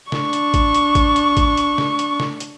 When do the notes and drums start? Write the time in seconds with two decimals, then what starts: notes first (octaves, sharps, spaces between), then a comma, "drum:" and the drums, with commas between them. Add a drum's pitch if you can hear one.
0.12 D4 C#6, drum: snare
0.33 drum: hi-hat
0.54 drum: kick A1, hi-hat
0.74 drum: hi-hat
0.95 drum: kick A1, hi-hat
1.16 drum: hi-hat
1.37 drum: kick A1, hi-hat
1.57 drum: hi-hat
1.78 drum: snare
1.99 drum: hi-hat
2.20 drum: snare
2.40 drum: hi-hat